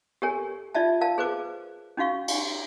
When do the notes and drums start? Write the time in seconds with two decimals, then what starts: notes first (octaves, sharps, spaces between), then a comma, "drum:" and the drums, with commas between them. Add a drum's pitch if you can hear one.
0.22 G4 A4 A#4 C#5 G#5
0.75 D#4 F4 D5 E5 A5
1.01 A#4 F5 A5
1.18 G#4 B4 C5 D6
1.97 C#4 D#4 F#4 F5 C#6
2.28 drum: cymbal